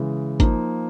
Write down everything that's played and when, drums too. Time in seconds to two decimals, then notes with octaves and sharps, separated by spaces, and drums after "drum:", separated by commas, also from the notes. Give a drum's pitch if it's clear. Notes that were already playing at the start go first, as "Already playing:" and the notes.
Already playing: C#3 E3 G#3
0.40 F3 A#3 D#4, drum: kick, hi-hat